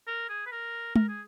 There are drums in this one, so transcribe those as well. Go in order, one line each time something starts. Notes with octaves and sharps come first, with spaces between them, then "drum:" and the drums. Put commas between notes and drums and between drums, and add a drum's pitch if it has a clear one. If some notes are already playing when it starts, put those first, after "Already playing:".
A#4
G#4
B4
A#4
A#4, drum: tom G#3
G#4